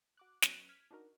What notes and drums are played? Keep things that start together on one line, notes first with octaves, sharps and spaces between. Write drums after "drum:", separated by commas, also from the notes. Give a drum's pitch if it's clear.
F#4 D6 F#6
F#3 B3 C#4 F#6, drum: snare
F6 G#6 B6
D4 D#4 F#4 A#4